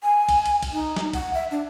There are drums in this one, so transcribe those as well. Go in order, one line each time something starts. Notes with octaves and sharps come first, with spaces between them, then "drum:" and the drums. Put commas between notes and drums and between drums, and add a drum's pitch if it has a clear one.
G#5
drum: kick, cymbal
drum: cymbal
drum: kick, cymbal
D#4
drum: snare
F#5, drum: kick, cymbal
E5
D4